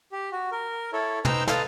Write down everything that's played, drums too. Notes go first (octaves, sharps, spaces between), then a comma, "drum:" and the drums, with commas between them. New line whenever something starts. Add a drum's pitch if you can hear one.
G4
F#4
A#4
E4 A4 C#5
D#4 B4 C5 G5 A#5 E6, drum: tom
F4 A4 B4 D#5 F5, drum: snare